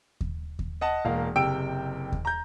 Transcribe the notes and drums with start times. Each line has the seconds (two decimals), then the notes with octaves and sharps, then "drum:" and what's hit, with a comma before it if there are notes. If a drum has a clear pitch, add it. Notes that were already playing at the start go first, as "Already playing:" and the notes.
0.21 drum: kick D#2
0.59 drum: kick D#2
0.81 D#5 F#5 A5
1.05 E1 A#3 F5
1.36 F#1 C3 G5 E6 D7
2.12 drum: kick D#2
2.25 A#5 G6